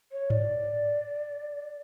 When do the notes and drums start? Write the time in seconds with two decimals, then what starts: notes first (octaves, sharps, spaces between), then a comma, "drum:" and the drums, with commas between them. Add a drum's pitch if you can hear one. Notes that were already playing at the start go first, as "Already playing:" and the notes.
0.12 C#5
0.30 D5, drum: tom G#2